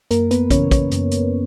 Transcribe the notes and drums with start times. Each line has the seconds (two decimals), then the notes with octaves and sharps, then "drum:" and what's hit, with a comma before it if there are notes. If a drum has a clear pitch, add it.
0.11 F#2 A#3 A#4, drum: hi-hat
0.31 B3 B4, drum: hi-hat
0.50 C#3 E3 C#4 C#5, drum: kick, hi-hat
0.71 C#4 C#5, drum: kick, hi-hat
0.91 F#2, drum: hi-hat
1.11 drum: hi-hat